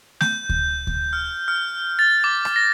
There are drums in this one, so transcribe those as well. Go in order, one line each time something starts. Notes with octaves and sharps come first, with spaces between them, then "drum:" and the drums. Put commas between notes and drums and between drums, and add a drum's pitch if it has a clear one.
G6, drum: snare A3
drum: kick D2
drum: kick D2
F6
F6
A6
D6
drum: rim click
A#6